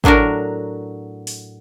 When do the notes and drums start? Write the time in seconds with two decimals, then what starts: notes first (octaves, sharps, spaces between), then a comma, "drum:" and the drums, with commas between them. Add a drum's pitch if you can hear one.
0.04 A2 F#3 D4 F#4 A#4, drum: kick
1.27 drum: open hi-hat